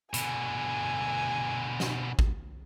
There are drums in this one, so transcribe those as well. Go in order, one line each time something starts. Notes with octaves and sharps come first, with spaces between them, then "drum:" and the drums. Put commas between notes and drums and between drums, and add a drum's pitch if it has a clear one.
B2 D3 G#5, drum: hi-hat
drum: snare
drum: kick G#1